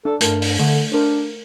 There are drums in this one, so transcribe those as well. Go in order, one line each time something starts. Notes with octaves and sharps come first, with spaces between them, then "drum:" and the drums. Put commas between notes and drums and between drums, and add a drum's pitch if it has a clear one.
D4 A4
G2 A3 A#4 A5, drum: hi-hat
drum: open hi-hat
D3 A3
D4 A#4 C5